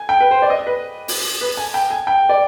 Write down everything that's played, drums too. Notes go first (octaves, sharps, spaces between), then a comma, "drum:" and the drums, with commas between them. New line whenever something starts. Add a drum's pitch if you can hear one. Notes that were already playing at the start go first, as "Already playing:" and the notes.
Already playing: G#5
G5
B4
C5
D5
D#5
B4
drum: open hi-hat
B4
G#5
G5
G#5
G5
D5